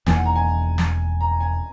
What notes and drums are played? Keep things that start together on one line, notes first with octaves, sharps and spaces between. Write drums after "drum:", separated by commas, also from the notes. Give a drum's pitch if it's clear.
E1 E2 D#3 A#3 G#5, drum: snare
F#5
A#5
G#5
drum: snare
A#5
G#5